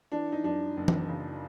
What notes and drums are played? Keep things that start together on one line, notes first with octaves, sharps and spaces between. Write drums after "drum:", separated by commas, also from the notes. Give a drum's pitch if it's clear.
E3 D4
D#4
F#2 D4
F#1
drum: tom E3
C#3